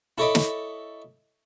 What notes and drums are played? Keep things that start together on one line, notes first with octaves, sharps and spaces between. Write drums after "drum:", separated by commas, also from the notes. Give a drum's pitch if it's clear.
E4 A4 C#5 D#5 B5 D6
drum: snare